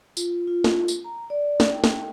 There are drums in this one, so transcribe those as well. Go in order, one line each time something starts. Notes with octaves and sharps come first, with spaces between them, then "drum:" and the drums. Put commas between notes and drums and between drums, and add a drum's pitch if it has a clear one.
F4, drum: tambourine
F4
drum: snare
drum: tambourine
A#5
D5
drum: snare
G5
drum: snare